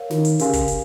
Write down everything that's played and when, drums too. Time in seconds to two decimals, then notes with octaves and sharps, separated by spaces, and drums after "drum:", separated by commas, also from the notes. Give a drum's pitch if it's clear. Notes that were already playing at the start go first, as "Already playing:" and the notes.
Already playing: A#4 C#5 F5
0.10 D#3, drum: snare
0.25 drum: hi-hat
0.39 C#3 G4 A#4 F5 G#5 C6, drum: hi-hat
0.53 drum: kick, hi-hat
0.68 drum: hi-hat